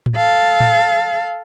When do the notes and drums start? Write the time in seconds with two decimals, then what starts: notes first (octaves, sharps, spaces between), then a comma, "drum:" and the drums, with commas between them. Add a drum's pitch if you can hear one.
0.06 drum: tom A2
0.16 A4 F5
0.60 drum: tom A2